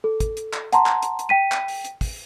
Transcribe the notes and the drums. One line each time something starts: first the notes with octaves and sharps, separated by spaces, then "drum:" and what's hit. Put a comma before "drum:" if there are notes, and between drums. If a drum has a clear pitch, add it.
A4
drum: kick, hi-hat
drum: hi-hat
drum: clap
F#5 A5 A#5 C6, drum: hi-hat
drum: clap
drum: hi-hat
drum: hi-hat
G5 B6 D#7
drum: clap
drum: open hi-hat
drum: hi-hat
drum: kick, open hi-hat